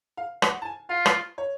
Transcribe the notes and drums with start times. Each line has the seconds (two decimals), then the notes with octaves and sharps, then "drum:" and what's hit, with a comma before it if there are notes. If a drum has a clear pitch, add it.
0.17 F5
0.42 F#5, drum: rim click
0.62 A5
0.65 G#5
0.89 F4 F5
1.06 drum: rim click
1.38 C#5